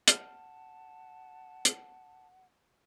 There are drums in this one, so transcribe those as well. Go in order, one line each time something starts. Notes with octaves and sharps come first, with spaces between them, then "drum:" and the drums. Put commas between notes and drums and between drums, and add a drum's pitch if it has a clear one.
F#5 A5 F6, drum: hi-hat
drum: hi-hat